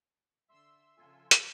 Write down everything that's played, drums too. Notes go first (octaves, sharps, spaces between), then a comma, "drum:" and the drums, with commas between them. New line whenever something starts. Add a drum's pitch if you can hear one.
D3 E5 C6 E6
C#3 F3 F4 A4 G#5
drum: hi-hat